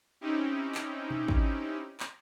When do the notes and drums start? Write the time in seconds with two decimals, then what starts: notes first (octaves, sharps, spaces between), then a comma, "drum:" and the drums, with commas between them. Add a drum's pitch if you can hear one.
0.21 C4 C#4 D#4 E4 G4
0.75 drum: clap
1.11 drum: tom A#2
1.28 drum: kick
2.00 drum: clap